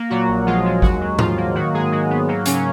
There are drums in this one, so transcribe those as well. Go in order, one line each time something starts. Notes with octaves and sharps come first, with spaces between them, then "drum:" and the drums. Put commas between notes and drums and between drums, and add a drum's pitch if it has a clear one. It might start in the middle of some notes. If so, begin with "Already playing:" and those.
Already playing: A#3
A#2 F#3 F#4
A#1
F3 G#3 F4
G#3
D#2 F#3 F#4, drum: kick G#1
F#3
D#3 F3 F4, drum: tom G#2
A#3
D#3 F#3 F#4
G#2 G#3 G#4
F#3 G#3 F#4
G#2 B3
F#3 A#3
C#3 F#3 C#4, drum: hi-hat